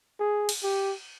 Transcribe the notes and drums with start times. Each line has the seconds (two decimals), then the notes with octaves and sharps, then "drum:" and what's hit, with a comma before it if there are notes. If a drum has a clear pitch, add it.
0.20 G#4
0.49 drum: cymbal
0.63 G4